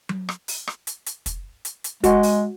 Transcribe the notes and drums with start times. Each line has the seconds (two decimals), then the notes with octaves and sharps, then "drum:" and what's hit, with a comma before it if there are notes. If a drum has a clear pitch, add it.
0.09 drum: tom F#3
0.29 drum: rim click
0.48 drum: open hi-hat
0.67 drum: rim click
0.87 drum: hi-hat
1.06 drum: hi-hat
1.26 drum: kick, hi-hat
1.65 drum: hi-hat
1.84 drum: hi-hat
2.04 G#3 F#4, drum: kick, hi-hat
2.23 drum: open hi-hat